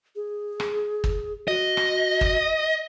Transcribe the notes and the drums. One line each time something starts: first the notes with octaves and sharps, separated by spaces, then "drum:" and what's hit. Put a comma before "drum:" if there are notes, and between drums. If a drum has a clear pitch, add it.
G#4
drum: rim click
drum: kick
F#4 D#5
drum: rim click
drum: kick